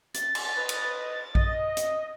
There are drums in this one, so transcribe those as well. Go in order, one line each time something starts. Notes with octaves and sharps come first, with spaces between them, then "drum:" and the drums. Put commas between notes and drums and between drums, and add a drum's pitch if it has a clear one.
A6, drum: hi-hat
drum: cymbal
B4 D#5
drum: cymbal
D#5, drum: kick A#1
drum: hi-hat